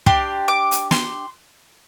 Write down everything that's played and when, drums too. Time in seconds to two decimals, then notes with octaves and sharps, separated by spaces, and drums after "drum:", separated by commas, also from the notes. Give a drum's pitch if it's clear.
0.06 D4 G4 C6, drum: kick
0.48 D6
0.71 drum: hi-hat
0.91 C6, drum: snare